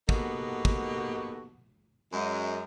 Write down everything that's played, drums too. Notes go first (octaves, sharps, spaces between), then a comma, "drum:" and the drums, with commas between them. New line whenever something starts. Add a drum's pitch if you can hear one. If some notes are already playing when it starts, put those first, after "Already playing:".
A#3 B3 D#4 F#4 G4 A4, drum: kick
drum: kick
F#2 G#3